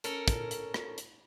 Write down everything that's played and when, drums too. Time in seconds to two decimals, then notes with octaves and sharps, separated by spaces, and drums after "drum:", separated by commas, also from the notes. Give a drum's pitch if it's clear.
0.04 C#4 A4 A#4, drum: hi-hat
0.28 drum: kick, hi-hat
0.51 drum: hi-hat
0.74 drum: rim click
0.98 drum: hi-hat